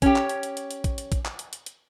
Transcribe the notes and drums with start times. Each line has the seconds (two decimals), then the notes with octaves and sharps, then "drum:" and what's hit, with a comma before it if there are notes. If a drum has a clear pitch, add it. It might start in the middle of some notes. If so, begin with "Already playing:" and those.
0.02 C#4 G4, drum: kick, hi-hat
0.16 drum: clap
0.29 drum: hi-hat
0.43 drum: hi-hat
0.57 drum: hi-hat
0.71 drum: hi-hat
0.84 drum: kick, hi-hat
0.98 drum: hi-hat
1.12 drum: kick, hi-hat
1.25 drum: clap
1.39 drum: hi-hat
1.53 drum: hi-hat
1.66 drum: hi-hat